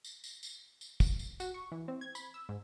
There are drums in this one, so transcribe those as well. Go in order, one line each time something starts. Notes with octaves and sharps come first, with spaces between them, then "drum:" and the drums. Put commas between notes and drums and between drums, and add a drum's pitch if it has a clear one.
drum: tambourine
drum: tambourine
drum: tambourine
drum: tambourine
drum: kick, tambourine
drum: tambourine
F#4, drum: tambourine
C#6
E3
C4
G#6
B5, drum: tambourine
E6
G#2